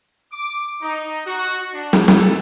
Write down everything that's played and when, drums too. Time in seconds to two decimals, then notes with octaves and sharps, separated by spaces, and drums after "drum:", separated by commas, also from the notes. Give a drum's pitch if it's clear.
0.33 D6
0.82 D#4
1.27 F#4
1.74 D4
1.93 drum: snare
2.08 A4, drum: snare